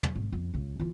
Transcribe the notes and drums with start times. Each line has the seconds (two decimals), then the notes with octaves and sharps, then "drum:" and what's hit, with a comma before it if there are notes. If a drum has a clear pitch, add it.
0.03 drum: tom
0.15 G#1
0.32 F2
0.54 C#2 C#3
0.80 E3 F4